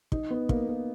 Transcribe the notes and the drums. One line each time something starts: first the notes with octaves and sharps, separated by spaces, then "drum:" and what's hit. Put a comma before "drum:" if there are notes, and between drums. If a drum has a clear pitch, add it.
D#4, drum: kick
B3
A#3, drum: kick
A#3